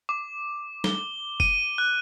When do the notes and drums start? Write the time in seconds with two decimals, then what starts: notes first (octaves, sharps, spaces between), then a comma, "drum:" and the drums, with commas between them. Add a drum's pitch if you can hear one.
0.09 D6
0.84 G7, drum: snare
1.40 D#7, drum: kick F#1
1.78 F#6